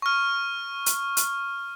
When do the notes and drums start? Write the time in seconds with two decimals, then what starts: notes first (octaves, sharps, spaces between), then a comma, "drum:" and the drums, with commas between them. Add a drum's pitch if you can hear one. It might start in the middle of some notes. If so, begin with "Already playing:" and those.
0.02 C#6 F6
0.86 drum: hi-hat
1.17 drum: hi-hat